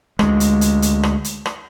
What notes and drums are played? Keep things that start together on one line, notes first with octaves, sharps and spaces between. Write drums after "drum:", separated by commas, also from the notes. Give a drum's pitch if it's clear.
D2 G#3, drum: rim click
drum: hi-hat
drum: hi-hat
drum: hi-hat
drum: rim click
drum: hi-hat
drum: rim click